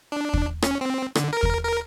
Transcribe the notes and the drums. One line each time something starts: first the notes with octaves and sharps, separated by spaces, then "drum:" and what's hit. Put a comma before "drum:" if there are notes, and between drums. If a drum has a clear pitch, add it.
D4
drum: kick
C#4, drum: rim click
C4
D3, drum: rim click
A#4
drum: kick
A#4